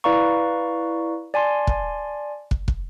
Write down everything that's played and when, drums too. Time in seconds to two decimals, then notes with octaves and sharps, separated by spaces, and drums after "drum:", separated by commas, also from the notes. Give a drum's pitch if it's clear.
0.04 E4 B4 D5 F5 A#5 C#6
1.34 D5 G#5 A5 C6
1.67 drum: kick
2.51 drum: kick
2.68 drum: kick